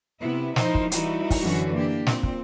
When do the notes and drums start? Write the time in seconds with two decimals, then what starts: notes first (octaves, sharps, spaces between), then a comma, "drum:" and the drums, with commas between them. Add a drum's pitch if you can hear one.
0.21 C3 B3 E4
0.56 F3 D#4 E4 A#4 C5, drum: snare
0.75 drum: kick
0.92 E3 G3 D#4 E4 F#4, drum: hi-hat
1.30 drum: kick, open hi-hat
1.43 F#2 D3 E3 F#3 C#4 F#4
1.74 A#3 D4 G4
2.07 A#2 C4, drum: snare
2.23 drum: kick